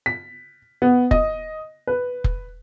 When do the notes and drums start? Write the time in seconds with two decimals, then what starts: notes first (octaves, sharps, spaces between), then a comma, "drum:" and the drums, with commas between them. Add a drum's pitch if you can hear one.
0.06 B6
0.82 B3
1.11 D#5, drum: kick F1
1.87 B4
2.24 drum: kick F1